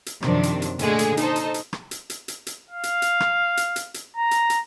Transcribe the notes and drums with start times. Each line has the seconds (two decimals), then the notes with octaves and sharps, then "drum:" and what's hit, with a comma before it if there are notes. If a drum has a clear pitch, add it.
0.06 drum: hi-hat
0.23 F#2 C3 D#3 F3 D4, drum: rim click
0.43 drum: hi-hat
0.62 drum: hi-hat
0.79 A#2 D3 G#3 A3 G#4, drum: hi-hat
0.99 drum: hi-hat
1.17 D#4 A4 C5, drum: hi-hat
1.36 drum: hi-hat
1.54 drum: hi-hat
1.73 drum: rim click
1.91 drum: hi-hat
2.10 drum: hi-hat
2.28 drum: hi-hat
2.47 drum: hi-hat
2.71 F5
2.83 drum: hi-hat
3.02 drum: hi-hat
3.20 drum: rim click
3.57 drum: hi-hat
3.76 drum: hi-hat
3.94 drum: hi-hat
4.17 A#5
4.31 drum: hi-hat
4.50 drum: hi-hat